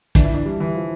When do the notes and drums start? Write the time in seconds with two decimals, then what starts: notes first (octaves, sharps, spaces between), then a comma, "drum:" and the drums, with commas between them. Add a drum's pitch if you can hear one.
0.15 E3 D4, drum: kick, hi-hat
0.25 E4
0.34 D4
0.45 G3
0.60 E3
0.75 F3